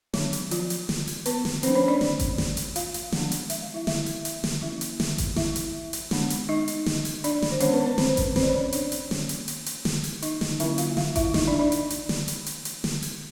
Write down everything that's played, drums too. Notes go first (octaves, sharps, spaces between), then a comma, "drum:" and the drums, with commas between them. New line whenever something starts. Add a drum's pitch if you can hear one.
D#3 F#3 B3 D4, drum: snare
drum: hi-hat
F3 F4, drum: hi-hat
drum: hi-hat
drum: snare
drum: open hi-hat
B3 B4, drum: hi-hat
drum: snare
F3 A3 C4 D4 C5, drum: hi-hat
C#4 C#5
D4 D5
drum: snare
drum: kick G1, hi-hat
drum: snare
drum: hi-hat
F4 F5, drum: hi-hat
drum: hi-hat
F3 G#3 B3 D4, drum: snare
drum: hi-hat
E5, drum: hi-hat
F5
E4 E5
E4 E5, drum: snare
drum: open hi-hat
drum: hi-hat
drum: snare
F3 A#3 C#4 E4 E5
drum: hi-hat
drum: snare
drum: kick G1, hi-hat
E4 E5, drum: snare
drum: hi-hat
drum: hi-hat
D#3 G#3 B3 D4, drum: snare
drum: hi-hat
D#4 D#5
drum: hi-hat
drum: snare
drum: open hi-hat
D4 D5, drum: hi-hat
drum: snare
C5
D#3 G#3 B3 C#4 D4 C#5, drum: hi-hat
B3 B4
B3 B4
C4 C5, drum: snare
drum: kick G1, hi-hat
C4 C5, drum: snare
D5
C#4 C#5
C#4 C#5
D4 D5, drum: hi-hat
drum: hi-hat
D#3 G3 A#3 C#4, drum: snare
drum: hi-hat
drum: hi-hat
drum: hi-hat
drum: snare
drum: open hi-hat
D#4 D#5, drum: hi-hat
drum: snare
D3 F#3 A#3 C#4 E4 E5, drum: hi-hat
F4 F5, drum: hi-hat
F4 F5, drum: snare
E4 E5, drum: kick G1, hi-hat
D#4 D#5, drum: snare
D4 D5
D4 D5
drum: hi-hat
drum: hi-hat
drum: snare
drum: hi-hat
drum: hi-hat
drum: hi-hat
drum: snare
drum: open hi-hat